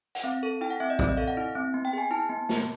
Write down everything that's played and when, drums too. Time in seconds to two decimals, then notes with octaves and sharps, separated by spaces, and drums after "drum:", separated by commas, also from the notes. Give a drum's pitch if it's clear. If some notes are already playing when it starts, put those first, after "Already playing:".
0.15 F#5, drum: hi-hat
0.24 C4 F5
0.43 A4
0.61 E4 G5
0.70 F#5
0.80 C4 E5
0.90 D#5
0.99 C4 D5, drum: kick A#1
1.09 D#5
1.17 A4 F5
1.27 F#5
1.37 E4
1.55 C4
1.74 B3
1.85 G5
1.93 G#4 G#5
2.11 E4 A5
2.29 B3
2.49 B3, drum: snare